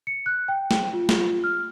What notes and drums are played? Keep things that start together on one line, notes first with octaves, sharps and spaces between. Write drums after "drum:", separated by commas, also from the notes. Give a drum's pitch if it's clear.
C#7
F#6
G5
G5, drum: snare
F4
drum: snare
F4
F6